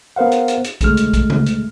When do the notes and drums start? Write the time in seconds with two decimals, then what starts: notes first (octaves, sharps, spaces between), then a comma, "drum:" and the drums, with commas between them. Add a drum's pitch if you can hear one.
0.16 B3 A#4 C5 F5 F#5
0.32 drum: hi-hat
0.48 drum: hi-hat
0.64 drum: hi-hat
0.81 C#2 B2 D3 G#3 A3 F6, drum: kick, hi-hat
0.97 drum: hi-hat
1.13 drum: kick, hi-hat
1.30 drum: tom C#3
1.46 drum: hi-hat